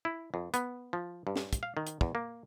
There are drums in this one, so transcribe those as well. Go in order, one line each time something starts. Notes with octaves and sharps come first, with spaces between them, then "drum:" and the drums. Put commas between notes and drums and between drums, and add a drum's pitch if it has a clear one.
E4
F2
B3, drum: hi-hat
F3
G2
drum: snare
drum: kick, hi-hat
F5
D#3
drum: hi-hat
E2, drum: kick
A#3